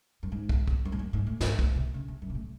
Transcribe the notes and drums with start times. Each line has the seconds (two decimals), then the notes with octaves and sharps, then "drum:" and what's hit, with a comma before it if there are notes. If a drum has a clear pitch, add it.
0.23 F#2
0.32 G#2
0.49 drum: kick
0.68 drum: kick
0.85 F#2
0.92 G#2
0.99 F#2
1.13 G#2
1.27 A2
1.41 G#2, drum: snare
1.59 A2, drum: kick
1.76 C3
1.94 C#3
2.08 C3
2.22 F#2
2.30 C3
2.35 A2